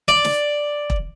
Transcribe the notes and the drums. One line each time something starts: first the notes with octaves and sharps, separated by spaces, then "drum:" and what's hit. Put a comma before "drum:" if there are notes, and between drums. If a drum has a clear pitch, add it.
D5
drum: snare
drum: kick E1